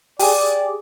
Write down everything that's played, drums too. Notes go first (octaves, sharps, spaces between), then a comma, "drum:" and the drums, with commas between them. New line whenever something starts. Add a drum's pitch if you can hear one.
G4 G#4 D5, drum: open hi-hat